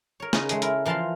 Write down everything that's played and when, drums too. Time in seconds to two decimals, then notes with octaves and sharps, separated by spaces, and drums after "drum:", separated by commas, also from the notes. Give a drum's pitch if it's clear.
0.20 A#4 C#5
0.33 C#3 C#4 D#4 B4 D#5, drum: snare
0.49 G#3 A3 G#4, drum: hi-hat
0.62 E4 A#4, drum: hi-hat
0.86 E3 F3 A#4 F5 A5 C6